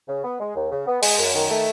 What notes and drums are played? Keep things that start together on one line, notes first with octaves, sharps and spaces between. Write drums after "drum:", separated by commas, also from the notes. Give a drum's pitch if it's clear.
C#3
B3
G#3
D#2
C#3
B3
G#3, drum: open hi-hat
F#2
D#3
A3